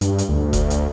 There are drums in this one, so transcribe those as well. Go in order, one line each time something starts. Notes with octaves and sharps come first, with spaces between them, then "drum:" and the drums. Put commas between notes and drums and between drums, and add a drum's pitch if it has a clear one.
G2, drum: hi-hat
drum: hi-hat
D2
drum: kick F1, hi-hat
drum: hi-hat